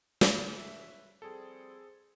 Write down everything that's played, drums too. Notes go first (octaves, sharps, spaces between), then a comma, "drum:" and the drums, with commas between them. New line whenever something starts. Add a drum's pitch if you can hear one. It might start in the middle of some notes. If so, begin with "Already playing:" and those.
drum: snare
B4 C#5 E5
F3 G3 C4 G#4 A4